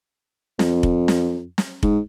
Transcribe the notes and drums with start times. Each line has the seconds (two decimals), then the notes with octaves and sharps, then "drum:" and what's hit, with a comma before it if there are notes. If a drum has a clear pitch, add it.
0.59 F2, drum: snare
0.83 drum: kick F1
1.08 drum: snare
1.58 drum: snare
1.83 G#2, drum: kick F1